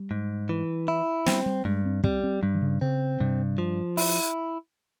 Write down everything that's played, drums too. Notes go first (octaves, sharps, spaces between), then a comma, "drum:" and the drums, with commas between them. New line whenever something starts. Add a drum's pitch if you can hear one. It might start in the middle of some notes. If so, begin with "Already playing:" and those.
Already playing: G3
G#2
E3
E4
G3 C4, drum: snare
G3
G2 G#3
C4
G3 C4, drum: kick
C4
G2 G3
E3
C#3
C#3 C4
G2 C3
F3
E4, drum: open hi-hat